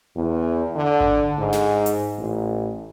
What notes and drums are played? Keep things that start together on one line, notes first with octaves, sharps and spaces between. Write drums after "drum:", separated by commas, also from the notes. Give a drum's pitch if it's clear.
E2
D3
drum: kick G#1
G#2
drum: snare
drum: hi-hat
A1